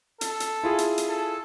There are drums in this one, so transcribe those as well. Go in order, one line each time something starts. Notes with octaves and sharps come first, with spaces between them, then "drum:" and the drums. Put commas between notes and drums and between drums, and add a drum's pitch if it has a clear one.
A4, drum: hi-hat
drum: hi-hat
E4 F4 G#4
drum: hi-hat
drum: hi-hat
A4